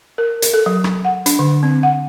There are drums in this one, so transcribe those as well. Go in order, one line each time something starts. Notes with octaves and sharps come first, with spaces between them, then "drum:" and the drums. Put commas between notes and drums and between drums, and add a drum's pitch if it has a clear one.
A#4
drum: hi-hat
A4
F#3
drum: rim click
F#5
D4, drum: hi-hat
D3
C4
F#5